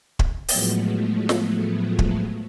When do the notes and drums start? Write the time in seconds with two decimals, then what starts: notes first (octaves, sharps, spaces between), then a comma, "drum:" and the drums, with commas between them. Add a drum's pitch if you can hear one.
0.19 drum: kick
0.48 A2 F3 F#3 G#3 A3 B3, drum: open hi-hat
1.29 drum: snare
1.99 drum: kick